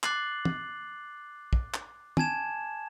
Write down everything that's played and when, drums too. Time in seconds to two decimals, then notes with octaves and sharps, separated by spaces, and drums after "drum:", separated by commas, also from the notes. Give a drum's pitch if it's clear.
0.03 D6 F#6 A6 C7 F#7, drum: clap
0.45 drum: tom
1.53 drum: kick
1.74 drum: clap
2.17 G#5 A5 G#6 E7, drum: tom